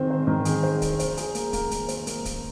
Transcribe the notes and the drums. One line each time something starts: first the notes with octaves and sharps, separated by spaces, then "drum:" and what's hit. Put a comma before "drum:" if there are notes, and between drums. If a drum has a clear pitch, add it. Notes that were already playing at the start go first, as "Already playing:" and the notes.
Already playing: D#3 C4 G#4
C5
D#3
G#4, drum: hi-hat
C5
C5, drum: kick, hi-hat
C5, drum: hi-hat
G#4, drum: hi-hat
A#3, drum: hi-hat
A#3, drum: kick, hi-hat
A#3, drum: hi-hat
C5, drum: hi-hat
A#3, drum: hi-hat
A#3, drum: kick, hi-hat